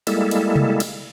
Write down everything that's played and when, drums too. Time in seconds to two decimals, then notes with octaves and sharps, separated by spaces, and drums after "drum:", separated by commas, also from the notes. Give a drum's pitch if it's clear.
0.07 G3 G#3 A#3 E4 A4, drum: cymbal
0.31 drum: cymbal
0.56 drum: tom C3
0.80 drum: cymbal